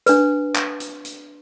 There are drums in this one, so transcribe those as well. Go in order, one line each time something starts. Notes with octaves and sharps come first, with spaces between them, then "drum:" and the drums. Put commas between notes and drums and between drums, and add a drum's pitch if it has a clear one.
D4 B4, drum: hi-hat
drum: clap
drum: hi-hat
drum: hi-hat